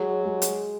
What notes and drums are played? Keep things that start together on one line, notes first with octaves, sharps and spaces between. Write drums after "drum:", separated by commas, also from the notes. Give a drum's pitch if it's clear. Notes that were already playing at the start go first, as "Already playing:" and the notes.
Already playing: F#3 G#3 G#4
G#3
drum: hi-hat